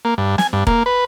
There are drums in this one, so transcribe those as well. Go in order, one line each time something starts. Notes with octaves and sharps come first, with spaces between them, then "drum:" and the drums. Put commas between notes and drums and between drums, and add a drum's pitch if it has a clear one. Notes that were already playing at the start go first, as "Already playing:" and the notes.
A#3
G2
G#5, drum: snare
G2
A#3, drum: kick E1
B4